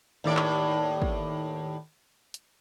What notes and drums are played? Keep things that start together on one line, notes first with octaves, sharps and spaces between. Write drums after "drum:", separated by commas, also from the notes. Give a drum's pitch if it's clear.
D#2 A2 D5
drum: clap
drum: kick
drum: hi-hat